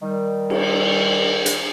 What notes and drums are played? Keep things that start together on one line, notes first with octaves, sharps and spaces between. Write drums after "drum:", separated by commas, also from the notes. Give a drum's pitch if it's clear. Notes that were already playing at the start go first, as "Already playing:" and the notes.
D#3 G3
drum: cymbal
drum: hi-hat